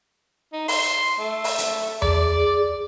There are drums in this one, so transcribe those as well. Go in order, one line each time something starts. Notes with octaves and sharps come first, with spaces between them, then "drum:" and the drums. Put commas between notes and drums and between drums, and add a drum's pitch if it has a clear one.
D#4
C6, drum: open hi-hat
A3
drum: open hi-hat
drum: hi-hat
G#4 D5, drum: tom E2